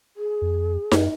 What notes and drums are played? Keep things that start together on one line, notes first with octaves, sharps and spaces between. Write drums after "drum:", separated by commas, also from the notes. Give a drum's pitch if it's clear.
G#4
F2
F#2, drum: snare D#4